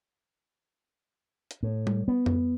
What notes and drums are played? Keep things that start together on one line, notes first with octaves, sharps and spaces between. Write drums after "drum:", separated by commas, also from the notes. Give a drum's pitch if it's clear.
drum: hi-hat
A2
drum: tom G3
B3
drum: tom F2